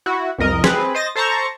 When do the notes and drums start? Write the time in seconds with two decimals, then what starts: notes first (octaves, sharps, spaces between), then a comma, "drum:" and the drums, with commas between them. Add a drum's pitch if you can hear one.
0.06 E4 F#4
0.38 C2 F2 A#4 D#5
0.64 C4 G#4 B4, drum: snare
0.95 C5 D#5 A6 A#6
1.16 A4 C5 A5 A#5 C#6